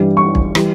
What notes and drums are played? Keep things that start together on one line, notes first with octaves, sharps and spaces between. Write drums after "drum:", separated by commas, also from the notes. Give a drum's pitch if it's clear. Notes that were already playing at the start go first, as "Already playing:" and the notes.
Already playing: G2 E3 G3
C#6
drum: kick
E3 G3, drum: rim click